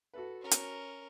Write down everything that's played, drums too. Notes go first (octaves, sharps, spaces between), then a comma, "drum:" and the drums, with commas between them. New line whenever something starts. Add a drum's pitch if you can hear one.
F#4 A4 B4
C#4 A#4
drum: hi-hat